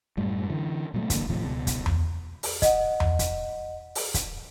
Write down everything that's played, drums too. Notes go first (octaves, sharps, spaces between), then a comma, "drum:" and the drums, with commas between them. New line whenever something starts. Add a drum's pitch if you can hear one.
F#2 A2 G3
D3 E3
A#2 F#3 A3
A1 D3 G3 A#3, drum: kick, hi-hat
D#2 A2 C3 F3
C#2 B2
drum: kick, hi-hat
drum: tom E2
drum: open hi-hat
D#5 F#5, drum: kick, hi-hat
drum: tom E2
drum: kick, hi-hat
drum: open hi-hat
drum: kick, hi-hat